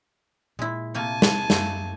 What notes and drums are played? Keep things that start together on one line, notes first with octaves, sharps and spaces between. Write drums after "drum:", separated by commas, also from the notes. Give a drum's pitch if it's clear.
A#2 G#3 E4
C3 A3 A#3 G#5 A5
drum: snare
F#2 A3 A#3, drum: snare